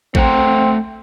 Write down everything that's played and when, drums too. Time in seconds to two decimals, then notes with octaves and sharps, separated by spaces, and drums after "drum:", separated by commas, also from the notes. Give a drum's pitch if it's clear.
0.15 A3 C4 F#5 A#5, drum: kick A1